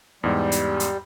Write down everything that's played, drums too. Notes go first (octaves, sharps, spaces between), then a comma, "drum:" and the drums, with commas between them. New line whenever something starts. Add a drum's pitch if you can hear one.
E2 G#2 G3
drum: hi-hat
drum: hi-hat